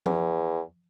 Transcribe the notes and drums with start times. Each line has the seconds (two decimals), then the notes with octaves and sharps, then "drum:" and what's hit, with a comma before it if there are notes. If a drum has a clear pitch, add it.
0.06 E2, drum: tom F3